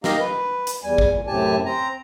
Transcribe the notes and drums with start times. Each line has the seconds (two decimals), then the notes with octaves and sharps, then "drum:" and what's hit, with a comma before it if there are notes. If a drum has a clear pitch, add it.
0.04 A#3 D#4 G4 D#5 F5 A#5, drum: snare
0.20 B4
0.67 drum: hi-hat
0.83 E2 G3 G#5
0.98 drum: kick
1.10 A#2
1.27 F#2 A2 C3 G4 G#5 A5
1.66 C4 A#5